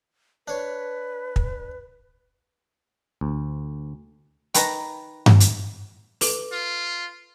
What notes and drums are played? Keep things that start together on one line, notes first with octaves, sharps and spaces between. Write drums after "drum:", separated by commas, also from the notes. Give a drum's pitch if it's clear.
D4 B4 C#5
drum: kick
D2
D#3 B4 A#5, drum: hi-hat
drum: tom G2
drum: hi-hat
A4 B4 D6, drum: open hi-hat
F4